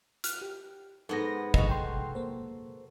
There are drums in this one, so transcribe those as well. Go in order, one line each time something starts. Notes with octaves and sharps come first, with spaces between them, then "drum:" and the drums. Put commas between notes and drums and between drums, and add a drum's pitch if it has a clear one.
F6 F#6, drum: hi-hat
G4
G#2 B3 A4 A#6
F#4 A4 D#5 A#5, drum: kick G#1
G5 C6
A#3 C5